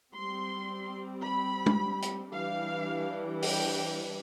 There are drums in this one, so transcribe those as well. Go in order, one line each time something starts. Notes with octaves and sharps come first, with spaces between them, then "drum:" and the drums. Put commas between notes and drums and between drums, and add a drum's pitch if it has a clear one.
G3 C4 C6
B5
drum: tom
drum: hi-hat
E3 G3 D4 F5
G5, drum: open hi-hat